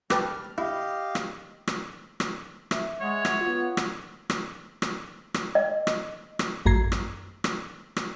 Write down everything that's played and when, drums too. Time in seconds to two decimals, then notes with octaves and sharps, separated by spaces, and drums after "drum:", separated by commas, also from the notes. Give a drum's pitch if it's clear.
0.10 G3 G4 B4 A5 F6, drum: rim click
0.58 E4 G4 D#5 F5
1.15 drum: rim click
1.67 drum: rim click
2.20 drum: rim click
2.71 E5, drum: rim click
3.01 G#3 C#5 F#5
3.25 drum: rim click
3.41 B3 F4
3.77 drum: rim click
4.30 drum: rim click
4.82 drum: rim click
5.34 drum: rim click
5.55 D#5
5.87 drum: rim click
6.39 drum: rim click
6.66 A1 F#2 A#5 G#6 C7
6.92 drum: rim click
7.44 drum: rim click
7.96 drum: rim click